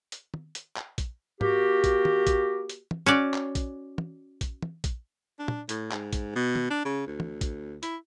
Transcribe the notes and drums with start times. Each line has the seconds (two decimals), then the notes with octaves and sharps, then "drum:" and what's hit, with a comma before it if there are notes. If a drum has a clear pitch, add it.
0.12 drum: hi-hat
0.34 drum: tom
0.55 drum: hi-hat
0.77 drum: clap
0.98 drum: kick A#1, hi-hat
1.41 A#3 F#4 G4, drum: tom
1.84 drum: kick A#1, hi-hat
2.05 drum: tom
2.27 drum: kick A#1, hi-hat
2.69 drum: hi-hat
2.91 drum: tom
3.06 C#4 F#4 D5
3.34 drum: clap
3.55 drum: kick A#1, hi-hat
3.98 drum: tom
4.41 drum: kick A#1, hi-hat
4.62 drum: tom
4.84 drum: kick A#1, hi-hat
5.39 D4
5.48 drum: tom
5.69 A2, drum: hi-hat
5.92 G#2, drum: clap
6.13 drum: kick A#1, hi-hat
6.36 B2
6.55 drum: tom
6.70 D4
6.85 C#3
7.07 D2
7.20 drum: tom
7.41 drum: kick A#1, hi-hat
7.83 E4, drum: hi-hat